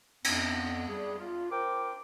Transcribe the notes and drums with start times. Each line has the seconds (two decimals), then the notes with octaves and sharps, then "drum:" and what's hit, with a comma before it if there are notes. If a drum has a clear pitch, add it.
0.24 F2 B3, drum: cymbal
0.89 G3 G#4
1.18 F4
1.51 A#4 C5 G5 D6